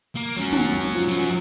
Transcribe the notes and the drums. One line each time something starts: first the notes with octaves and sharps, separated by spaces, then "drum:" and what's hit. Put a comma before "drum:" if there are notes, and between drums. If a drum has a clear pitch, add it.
A#3
C#2 F#3 C#4
D#3, drum: tom
C#2
F3
F#2 F#3